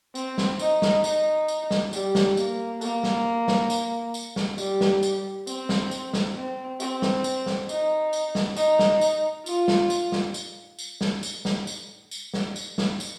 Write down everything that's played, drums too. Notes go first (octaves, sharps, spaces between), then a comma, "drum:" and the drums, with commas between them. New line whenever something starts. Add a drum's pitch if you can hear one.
C4, drum: tambourine
drum: snare
D#4, drum: tambourine
drum: snare
D#4, drum: tambourine
drum: tambourine
drum: snare
G3, drum: tambourine
drum: snare
A#3, drum: tambourine
A#3, drum: tambourine
drum: snare
drum: snare
drum: tambourine
drum: tambourine
drum: snare
G3, drum: tambourine
drum: snare
drum: tambourine
C4, drum: tambourine
drum: snare
drum: tambourine
drum: snare
C4
C4, drum: tambourine
drum: snare
drum: tambourine
drum: snare
D#4, drum: tambourine
drum: tambourine
drum: snare
D#4, drum: tambourine
drum: snare
drum: tambourine
F4, drum: tambourine
drum: snare
drum: tambourine
drum: snare
drum: tambourine
drum: tambourine
drum: snare
drum: tambourine
drum: snare
drum: tambourine
drum: tambourine
drum: snare
drum: tambourine
drum: snare
drum: tambourine